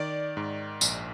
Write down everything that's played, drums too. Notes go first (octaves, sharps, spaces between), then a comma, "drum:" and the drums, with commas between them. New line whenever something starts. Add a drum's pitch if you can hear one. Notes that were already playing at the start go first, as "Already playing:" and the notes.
Already playing: D#3 D5
G#2
A#1, drum: tambourine